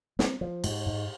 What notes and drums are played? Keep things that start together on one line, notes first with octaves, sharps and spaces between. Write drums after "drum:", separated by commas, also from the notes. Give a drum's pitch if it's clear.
C4, drum: snare
F3
G#2, drum: cymbal
G#2